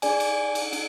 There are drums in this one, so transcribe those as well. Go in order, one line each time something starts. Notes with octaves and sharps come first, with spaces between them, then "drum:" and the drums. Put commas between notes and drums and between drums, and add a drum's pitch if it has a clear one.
D4 G#4 D5 G#5, drum: cymbal
drum: cymbal
drum: cymbal
D4, drum: cymbal